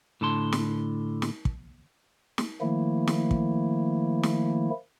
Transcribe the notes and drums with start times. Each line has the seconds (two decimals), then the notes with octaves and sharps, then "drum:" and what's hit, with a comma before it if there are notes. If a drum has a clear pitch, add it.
0.21 A2 D3 A5 C6
0.52 drum: snare
1.22 drum: snare
1.45 drum: kick
2.38 drum: snare
2.61 D#3 F3 A3 A#3 E4
3.07 drum: snare
3.31 drum: kick
4.23 drum: snare